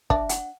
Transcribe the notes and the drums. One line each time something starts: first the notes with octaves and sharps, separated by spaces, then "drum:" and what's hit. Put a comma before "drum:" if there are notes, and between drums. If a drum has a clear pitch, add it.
D4 E5, drum: kick
F#5, drum: hi-hat